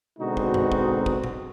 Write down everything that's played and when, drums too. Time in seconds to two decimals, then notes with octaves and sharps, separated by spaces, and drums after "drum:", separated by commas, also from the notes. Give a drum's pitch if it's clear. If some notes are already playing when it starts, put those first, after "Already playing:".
0.20 B2 D3 G#3 C4 D#4 F#4
0.37 drum: kick
0.54 drum: tom F#2
0.72 drum: kick
1.06 drum: kick
1.24 drum: tom A#2